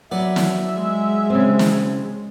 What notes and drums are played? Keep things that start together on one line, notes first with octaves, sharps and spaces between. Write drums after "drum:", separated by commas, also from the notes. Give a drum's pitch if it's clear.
F#3 B3 D5 E5
drum: snare
G#3
C#3 C4
drum: snare